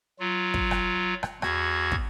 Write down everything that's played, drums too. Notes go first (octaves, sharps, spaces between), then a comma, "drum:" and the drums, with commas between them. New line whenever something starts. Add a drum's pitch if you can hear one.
F#3 F4
drum: kick
drum: rim click
drum: rim click
E2 F#4 G#6, drum: rim click
drum: kick